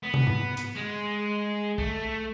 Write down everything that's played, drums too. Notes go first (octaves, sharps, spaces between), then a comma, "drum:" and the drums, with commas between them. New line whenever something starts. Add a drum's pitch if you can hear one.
B3
drum: tom
drum: tom G#2
drum: hi-hat
G#3
A3, drum: kick